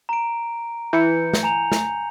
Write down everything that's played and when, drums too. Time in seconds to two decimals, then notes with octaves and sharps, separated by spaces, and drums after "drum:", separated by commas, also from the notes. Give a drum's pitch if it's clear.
0.09 A#5 D7
0.93 E3 G6 C#7
1.33 drum: snare
1.43 G#5 A#5 F7
1.72 drum: snare